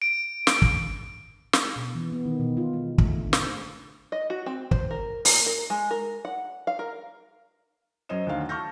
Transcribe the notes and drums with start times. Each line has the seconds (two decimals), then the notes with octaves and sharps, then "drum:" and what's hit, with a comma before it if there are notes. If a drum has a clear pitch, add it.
0.02 D7
0.47 drum: snare
0.62 drum: kick
1.53 drum: snare
1.76 B2
1.95 E3
2.12 B3
2.25 D#3
2.40 B2
2.57 F4
2.73 G#3
2.98 A3, drum: kick
3.17 D3
3.33 C5, drum: snare
4.12 D#5
4.30 F#4
4.46 C4
4.71 C5, drum: kick
4.91 A#4
5.25 A#3, drum: open hi-hat
5.46 A#4
5.70 G#3
5.91 A#4
6.25 F#5
6.67 F5
6.79 A#4
8.09 F#2 C5 C#5 D#5 E7
8.27 D2 D3 D#3 F5
8.49 A5 C#6 F6 G6 A#6